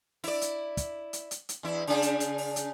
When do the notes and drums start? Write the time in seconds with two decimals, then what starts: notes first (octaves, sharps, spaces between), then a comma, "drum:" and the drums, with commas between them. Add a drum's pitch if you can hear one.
0.24 E4 D5, drum: open hi-hat
0.42 drum: hi-hat
0.77 drum: kick, hi-hat
1.13 drum: hi-hat
1.31 drum: hi-hat
1.49 drum: hi-hat
1.63 E2 E4
1.87 C#3 D4 G#4, drum: open hi-hat
2.02 drum: hi-hat
2.20 drum: hi-hat
2.38 drum: open hi-hat
2.56 drum: hi-hat